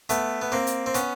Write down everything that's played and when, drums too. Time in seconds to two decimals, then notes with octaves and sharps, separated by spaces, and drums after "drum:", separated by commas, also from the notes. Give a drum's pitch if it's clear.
0.09 A3 B3, drum: hi-hat
0.42 B3
0.52 A#3 C4
0.67 drum: hi-hat
0.86 C4
0.94 B3 C#4, drum: hi-hat